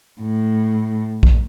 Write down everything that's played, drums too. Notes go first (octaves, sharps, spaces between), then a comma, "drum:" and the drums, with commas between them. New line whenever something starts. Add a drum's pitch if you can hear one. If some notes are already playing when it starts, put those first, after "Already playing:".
A2
drum: kick A#1